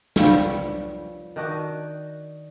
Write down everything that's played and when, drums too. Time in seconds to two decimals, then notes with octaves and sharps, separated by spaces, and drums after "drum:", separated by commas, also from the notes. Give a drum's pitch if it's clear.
0.16 F3 G3 B3 C#4, drum: snare
1.36 D#3 D4 F#4 D#5